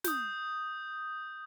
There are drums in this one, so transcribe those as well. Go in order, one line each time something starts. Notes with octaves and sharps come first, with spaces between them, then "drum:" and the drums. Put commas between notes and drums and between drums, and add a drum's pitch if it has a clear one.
D#6 G6, drum: snare